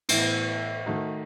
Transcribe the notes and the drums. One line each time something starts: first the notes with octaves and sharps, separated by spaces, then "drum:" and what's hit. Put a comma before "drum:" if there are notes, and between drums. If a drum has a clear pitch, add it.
A2 E3 B3, drum: cymbal
D#3 A3 D#4 F#4